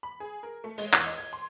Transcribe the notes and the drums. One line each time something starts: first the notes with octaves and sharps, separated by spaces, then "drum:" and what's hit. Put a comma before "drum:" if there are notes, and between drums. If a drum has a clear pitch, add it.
B5
G#4
A#4
A3
G#3, drum: open hi-hat
E2, drum: clap
D#5
G#6
C6